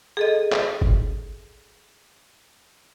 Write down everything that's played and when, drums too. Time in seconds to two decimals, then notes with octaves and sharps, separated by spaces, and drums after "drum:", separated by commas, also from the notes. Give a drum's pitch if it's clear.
0.17 G#4 A4 D#5
0.52 drum: clap
0.81 drum: kick F#1